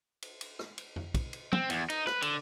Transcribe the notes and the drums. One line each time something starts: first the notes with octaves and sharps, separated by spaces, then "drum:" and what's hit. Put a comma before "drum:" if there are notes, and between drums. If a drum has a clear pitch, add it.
drum: cymbal
drum: cymbal
drum: rim click
drum: cymbal
drum: tom F2
drum: kick, cymbal
drum: cymbal
C4, drum: tom
E2, drum: cymbal
D#4, drum: cymbal
B4, drum: rim click
D3, drum: cymbal